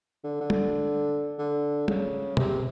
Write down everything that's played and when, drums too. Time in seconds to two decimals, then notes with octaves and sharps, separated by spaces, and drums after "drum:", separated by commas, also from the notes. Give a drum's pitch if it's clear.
0.24 D3
0.41 D3
0.50 drum: tom
1.39 D3
1.88 C#3, drum: tom
2.37 C3, drum: tom